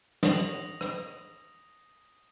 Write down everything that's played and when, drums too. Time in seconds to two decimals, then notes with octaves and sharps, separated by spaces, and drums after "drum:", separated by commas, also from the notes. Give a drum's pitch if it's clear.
0.23 D#6 A#6 F7 F#7, drum: snare
0.81 drum: rim click